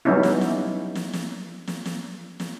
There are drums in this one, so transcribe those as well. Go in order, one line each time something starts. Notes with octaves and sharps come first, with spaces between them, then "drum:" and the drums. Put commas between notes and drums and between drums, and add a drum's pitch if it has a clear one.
F#3 G3 B3 C#4 D#4 E4
drum: snare
drum: snare
drum: snare
drum: snare
drum: snare
drum: snare
drum: snare